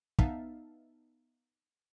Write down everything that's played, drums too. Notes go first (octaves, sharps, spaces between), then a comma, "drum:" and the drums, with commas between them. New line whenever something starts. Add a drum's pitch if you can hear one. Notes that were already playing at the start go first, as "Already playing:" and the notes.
B3 D#4 E5 F5 A5, drum: kick